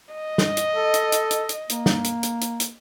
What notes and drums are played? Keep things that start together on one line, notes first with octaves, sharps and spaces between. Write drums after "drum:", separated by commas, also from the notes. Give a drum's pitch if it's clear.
D#5
drum: snare
drum: hi-hat
A4
drum: hi-hat
drum: hi-hat
drum: hi-hat
drum: hi-hat
A#3, drum: hi-hat
drum: snare
drum: hi-hat
drum: hi-hat
drum: hi-hat
drum: hi-hat